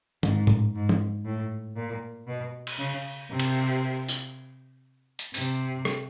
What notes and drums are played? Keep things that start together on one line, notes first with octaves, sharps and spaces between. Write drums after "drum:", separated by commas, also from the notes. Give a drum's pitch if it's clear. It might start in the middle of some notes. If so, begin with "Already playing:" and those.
G#2, drum: tom D#3
drum: tom A2
G#2
drum: tom E3
A2
A#2
B2
drum: cymbal
C#3
C3
drum: cymbal
drum: tambourine
drum: hi-hat
C3, drum: open hi-hat
drum: rim click